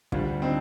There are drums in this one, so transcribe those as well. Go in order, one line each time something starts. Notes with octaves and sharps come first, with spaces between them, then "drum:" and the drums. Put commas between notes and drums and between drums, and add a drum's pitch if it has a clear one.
D2 D3 G3 D4 F4, drum: kick
D3 C4 D#4